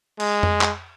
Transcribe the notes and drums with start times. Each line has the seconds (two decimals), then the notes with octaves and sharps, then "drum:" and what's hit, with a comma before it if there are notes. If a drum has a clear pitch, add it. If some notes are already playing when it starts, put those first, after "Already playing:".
0.20 G#3, drum: cymbal
0.43 drum: tom F2
0.61 drum: clap